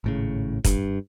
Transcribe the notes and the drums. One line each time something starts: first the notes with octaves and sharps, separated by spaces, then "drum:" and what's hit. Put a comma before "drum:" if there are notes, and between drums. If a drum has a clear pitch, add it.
G#1 A2 C#3
G2, drum: kick, hi-hat